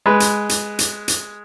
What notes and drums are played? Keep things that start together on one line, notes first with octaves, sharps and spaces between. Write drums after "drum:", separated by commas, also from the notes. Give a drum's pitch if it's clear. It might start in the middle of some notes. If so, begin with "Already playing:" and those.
G#3 B4
drum: hi-hat
drum: hi-hat
drum: hi-hat
drum: hi-hat